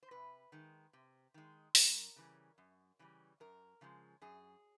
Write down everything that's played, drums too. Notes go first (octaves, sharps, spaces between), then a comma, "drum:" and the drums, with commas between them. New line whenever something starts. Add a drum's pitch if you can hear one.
C5
C3 B4
D#3 G#3
C3
D#3 G#3
F#2 A#4, drum: open hi-hat
C#3 E3 G3
F#2
C#3 E3 G3
F#2 A#4
C#3 F3 G#3
F#2 G#4